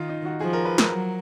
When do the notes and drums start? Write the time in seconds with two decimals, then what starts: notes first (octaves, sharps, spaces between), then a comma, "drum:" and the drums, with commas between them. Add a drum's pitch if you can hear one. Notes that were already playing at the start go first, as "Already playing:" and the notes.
Already playing: D#3 F4
0.09 D#4
0.25 F#4
0.40 F3 G#4
0.53 A#4
0.65 B4
0.78 A#4, drum: snare
0.90 F#3